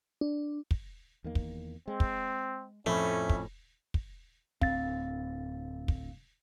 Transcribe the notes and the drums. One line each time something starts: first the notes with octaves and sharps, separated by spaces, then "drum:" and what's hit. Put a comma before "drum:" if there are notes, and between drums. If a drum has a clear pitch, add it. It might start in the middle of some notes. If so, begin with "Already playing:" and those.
D4
drum: kick
E2 D#3 A#3
drum: kick
G#3 C4
drum: kick
F2 A2 F3 A3 C#4 B5
drum: kick
drum: kick
D1 C4 F5 A6, drum: kick
drum: kick